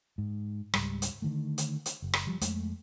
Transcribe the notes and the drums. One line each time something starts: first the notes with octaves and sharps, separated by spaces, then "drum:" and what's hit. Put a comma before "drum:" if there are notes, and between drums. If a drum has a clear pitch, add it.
G#2
C#2 G#2 G3, drum: rim click
drum: hi-hat
D3 D#3 A3
drum: hi-hat
drum: hi-hat
F#1
drum: rim click
F3 G3
F2 G#3 A3, drum: hi-hat